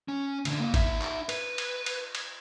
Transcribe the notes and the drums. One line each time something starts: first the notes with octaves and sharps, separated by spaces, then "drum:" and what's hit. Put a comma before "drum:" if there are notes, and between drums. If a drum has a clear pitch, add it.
C#4
D2 D3, drum: cymbal
C#3 A#3
D#4 E5, drum: kick G#1, cymbal
drum: clap
B4, drum: cymbal
drum: cymbal
drum: cymbal
drum: cymbal